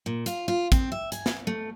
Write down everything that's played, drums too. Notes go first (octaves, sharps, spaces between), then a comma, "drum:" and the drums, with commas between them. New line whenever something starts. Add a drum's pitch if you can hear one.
A#2
F4, drum: hi-hat
F4
C4, drum: kick, hi-hat
E5
G#5, drum: hi-hat
drum: snare
A3